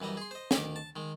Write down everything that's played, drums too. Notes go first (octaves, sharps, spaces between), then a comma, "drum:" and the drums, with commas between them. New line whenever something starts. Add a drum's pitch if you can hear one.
F#2 E3 G3 D#5
G#4 C6
C5 D#5
D2 D#3 D6, drum: snare
A5
D#3 G#3